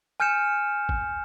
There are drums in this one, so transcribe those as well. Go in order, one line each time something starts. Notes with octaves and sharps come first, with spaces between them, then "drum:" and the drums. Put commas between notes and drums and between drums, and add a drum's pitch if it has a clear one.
G#5 F6 G6 C#7 E7
drum: kick G#1